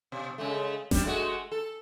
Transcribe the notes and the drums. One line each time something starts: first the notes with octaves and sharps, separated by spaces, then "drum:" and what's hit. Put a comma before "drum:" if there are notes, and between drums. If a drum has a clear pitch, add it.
B2
C#3 G#3 A3
G3 D4, drum: snare F#1
G#3 A3 F#4
A4